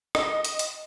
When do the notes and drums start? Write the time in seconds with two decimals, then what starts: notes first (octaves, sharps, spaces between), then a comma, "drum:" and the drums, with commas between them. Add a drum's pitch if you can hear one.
0.15 D#5, drum: rim click
0.45 drum: hi-hat
0.59 drum: hi-hat